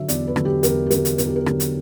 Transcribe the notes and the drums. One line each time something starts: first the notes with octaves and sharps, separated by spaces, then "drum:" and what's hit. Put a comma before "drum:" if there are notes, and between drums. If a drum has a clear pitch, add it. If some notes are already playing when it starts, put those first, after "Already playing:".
Already playing: D3 F#3 E5
E2 D5, drum: hi-hat
B4
D3 F#3, drum: rim click
G4
E2 A#4, drum: hi-hat
G4
D3 F#3 A#4, drum: hi-hat
drum: hi-hat
E2 A#4, drum: hi-hat
G4
A#4
D3 F#3, drum: rim click
drum: hi-hat